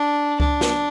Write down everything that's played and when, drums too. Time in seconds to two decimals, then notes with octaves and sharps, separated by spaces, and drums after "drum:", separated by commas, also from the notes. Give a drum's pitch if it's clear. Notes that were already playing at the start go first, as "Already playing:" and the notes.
Already playing: D4
0.40 D4, drum: kick C#2
0.61 drum: snare